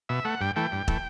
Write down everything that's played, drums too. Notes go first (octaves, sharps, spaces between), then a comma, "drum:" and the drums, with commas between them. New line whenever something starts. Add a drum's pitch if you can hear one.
B2 E5
A3 F#5
G2 G5
E3 A3 G5
G2
E3 A3, drum: kick